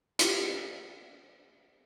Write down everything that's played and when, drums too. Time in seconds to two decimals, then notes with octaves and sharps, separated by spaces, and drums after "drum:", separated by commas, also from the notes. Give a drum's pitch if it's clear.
0.19 E4 F4 G4, drum: hi-hat